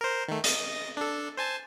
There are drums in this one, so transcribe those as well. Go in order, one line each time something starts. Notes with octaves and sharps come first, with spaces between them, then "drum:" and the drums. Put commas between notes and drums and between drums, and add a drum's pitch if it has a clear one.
A#4 C5
D#3 A3
D#5 A6 A#6, drum: hi-hat
D4 A4
C5 G#5 A5